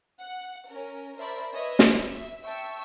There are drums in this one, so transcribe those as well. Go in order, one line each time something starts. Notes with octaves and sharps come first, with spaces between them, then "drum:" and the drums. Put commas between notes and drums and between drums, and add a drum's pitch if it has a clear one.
F#5
C#4 A#4
A#4 C5 D5 E5 A5 B5
B4 C#5 D#5 E5
drum: snare
E5
E5 G5 A5 C#6 E6